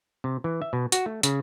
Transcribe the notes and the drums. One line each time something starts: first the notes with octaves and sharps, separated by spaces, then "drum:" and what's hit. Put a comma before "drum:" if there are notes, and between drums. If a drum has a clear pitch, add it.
C3
E3
E5
B2
F#4, drum: hi-hat
A3
C#3, drum: hi-hat